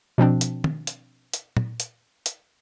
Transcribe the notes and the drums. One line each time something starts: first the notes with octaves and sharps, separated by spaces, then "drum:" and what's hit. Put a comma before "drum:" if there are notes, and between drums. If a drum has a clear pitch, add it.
B2 F3 C4 D4
drum: hi-hat
drum: tom
drum: hi-hat
drum: hi-hat
drum: tom
drum: hi-hat
drum: hi-hat